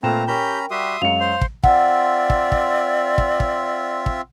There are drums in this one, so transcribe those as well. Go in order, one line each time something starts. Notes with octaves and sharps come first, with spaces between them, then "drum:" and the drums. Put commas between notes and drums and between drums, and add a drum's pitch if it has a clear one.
A#2 A3 C4 B4 F5 G5 A#5 E7
C#4 G4 A#4 A#5 B5 G6
G3 F#4 G4 E5 C6 D#6
F#2 F#3 G#3 F5 C#7 F7
C5 C6
drum: kick
C4 F4 D5 E5 F#5, drum: kick
drum: kick
drum: kick
drum: kick
drum: kick
drum: kick